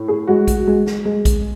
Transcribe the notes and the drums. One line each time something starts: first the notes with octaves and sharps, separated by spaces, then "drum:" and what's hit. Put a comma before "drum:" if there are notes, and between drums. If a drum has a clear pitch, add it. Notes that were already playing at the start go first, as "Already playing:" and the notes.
Already playing: A2
G#4
G#3 F#4
drum: kick A#1, hi-hat
G#3
drum: snare
G#3
drum: kick A#1, hi-hat